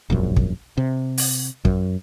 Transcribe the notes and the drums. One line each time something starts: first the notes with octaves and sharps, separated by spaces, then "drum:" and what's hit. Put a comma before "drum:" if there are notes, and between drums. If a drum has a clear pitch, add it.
E1 A#1 F#2
drum: kick
C3
drum: open hi-hat
F#2, drum: kick